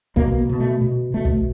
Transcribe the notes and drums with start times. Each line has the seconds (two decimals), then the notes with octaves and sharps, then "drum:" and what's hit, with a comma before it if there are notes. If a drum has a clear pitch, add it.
0.16 B2 A#3, drum: kick
0.39 A#3
0.49 B2
0.60 A3
0.81 B2
1.14 B2 A3
1.25 drum: kick